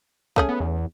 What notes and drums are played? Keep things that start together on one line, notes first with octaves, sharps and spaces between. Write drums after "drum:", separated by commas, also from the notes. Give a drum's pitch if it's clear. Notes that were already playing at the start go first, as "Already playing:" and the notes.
A3 C#4 G#4, drum: kick
B3
E2